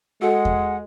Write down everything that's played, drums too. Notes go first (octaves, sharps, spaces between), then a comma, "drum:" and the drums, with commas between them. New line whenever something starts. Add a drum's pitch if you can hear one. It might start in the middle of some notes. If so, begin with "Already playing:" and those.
G#3 F#4 A4 F#5
drum: kick E2